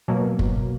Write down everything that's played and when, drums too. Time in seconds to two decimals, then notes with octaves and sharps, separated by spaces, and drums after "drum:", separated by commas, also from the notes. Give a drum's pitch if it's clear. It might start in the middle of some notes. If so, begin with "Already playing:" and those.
0.08 B2 F#3 A#3
0.39 drum: kick